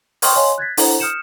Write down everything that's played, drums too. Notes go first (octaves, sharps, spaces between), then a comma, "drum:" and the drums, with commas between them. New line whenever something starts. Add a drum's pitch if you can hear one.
G5 C6 C#6 D#6 F6 G6, drum: open hi-hat
C#5 D#5 F5 G#5 C6
F#6 G#6 A6 B6
D4 E4 A4 C5 F#5 A#5, drum: open hi-hat
D#6 F6 G6 C#7 E7